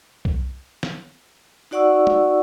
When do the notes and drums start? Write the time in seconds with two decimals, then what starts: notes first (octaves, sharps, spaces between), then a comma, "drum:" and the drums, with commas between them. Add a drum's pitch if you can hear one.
0.25 drum: kick C2
0.83 drum: snare
1.71 D#4 F#4 D5 F#5 C#6 E6
2.07 drum: tom